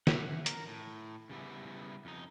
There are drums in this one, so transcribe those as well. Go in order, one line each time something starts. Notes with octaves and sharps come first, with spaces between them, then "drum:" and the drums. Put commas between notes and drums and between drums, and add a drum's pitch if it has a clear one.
E5 F#5, drum: snare
A#4, drum: hi-hat
A2
C#3 G3 B3 E4
F2 D#4